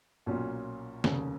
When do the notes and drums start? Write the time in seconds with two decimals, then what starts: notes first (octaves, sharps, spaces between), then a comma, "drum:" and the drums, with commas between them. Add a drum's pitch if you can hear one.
0.26 B1 A#2 F#3 C#4 F4
1.04 F1 D#2 C#3, drum: snare